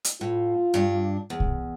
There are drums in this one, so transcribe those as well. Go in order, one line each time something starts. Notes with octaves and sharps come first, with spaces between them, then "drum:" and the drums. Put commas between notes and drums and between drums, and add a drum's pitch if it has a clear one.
drum: hi-hat
A2 F4
G2 D4
E2
drum: kick